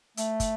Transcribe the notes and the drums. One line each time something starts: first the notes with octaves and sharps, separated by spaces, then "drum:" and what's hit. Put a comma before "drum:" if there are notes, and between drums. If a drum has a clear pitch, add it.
A3, drum: hi-hat
drum: kick, hi-hat